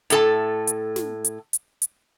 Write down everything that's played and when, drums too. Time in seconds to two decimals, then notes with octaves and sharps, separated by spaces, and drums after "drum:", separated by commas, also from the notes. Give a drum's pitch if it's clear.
0.10 A2 A4 A5, drum: hi-hat
0.67 drum: hi-hat
0.96 drum: snare
1.24 drum: hi-hat
1.53 drum: hi-hat
1.82 drum: hi-hat